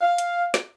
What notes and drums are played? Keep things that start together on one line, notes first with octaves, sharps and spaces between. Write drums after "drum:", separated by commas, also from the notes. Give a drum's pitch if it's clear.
F5
drum: hi-hat
drum: snare